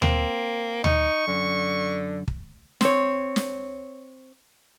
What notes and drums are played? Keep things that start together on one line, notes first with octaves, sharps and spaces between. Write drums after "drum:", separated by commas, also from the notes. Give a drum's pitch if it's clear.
A#3 C4, drum: tom D2
D#4 C#6, drum: tom D2
F#2 D3
drum: kick
C4 C#5, drum: snare
drum: snare